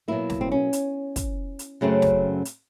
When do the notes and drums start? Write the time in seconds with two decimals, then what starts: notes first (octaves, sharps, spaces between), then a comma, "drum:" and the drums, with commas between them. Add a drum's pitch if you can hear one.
0.08 B2 F#3 A#3 E4
0.30 drum: snare
0.41 C4
0.52 C#4
0.73 drum: hi-hat
1.16 drum: kick, hi-hat
1.59 drum: hi-hat
1.81 F#2 C#3 F#3 A3 C4
2.02 drum: snare
2.45 drum: hi-hat